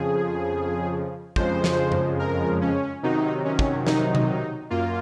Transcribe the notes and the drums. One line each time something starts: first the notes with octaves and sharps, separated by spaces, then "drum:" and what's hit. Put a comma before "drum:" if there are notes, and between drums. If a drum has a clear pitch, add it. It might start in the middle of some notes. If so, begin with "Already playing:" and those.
Already playing: F2 C#3 F3 G#4
F2 C#3 F3 G#3 C5, drum: kick
drum: snare
drum: tom F#2
A#4
C#4
C3 D#3 F#3 D#4
C#4
drum: kick
D#4, drum: snare
drum: tom B2
F#2 A#3 F4